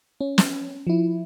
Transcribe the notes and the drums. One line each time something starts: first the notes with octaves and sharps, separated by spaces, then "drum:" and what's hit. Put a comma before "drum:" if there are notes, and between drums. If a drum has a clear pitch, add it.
C#4
drum: snare
F3 E4